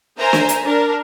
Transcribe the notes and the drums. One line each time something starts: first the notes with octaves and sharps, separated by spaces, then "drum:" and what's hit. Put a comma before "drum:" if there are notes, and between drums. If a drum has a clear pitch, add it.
A#4 C5 E5 G#5 A#5
drum: snare
drum: hi-hat
D4 A#4